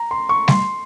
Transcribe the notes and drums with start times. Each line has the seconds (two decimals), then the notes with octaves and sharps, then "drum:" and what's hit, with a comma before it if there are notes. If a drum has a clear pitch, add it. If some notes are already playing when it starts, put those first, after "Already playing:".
Already playing: A#5
0.11 C6
0.29 C#6
0.48 C6, drum: snare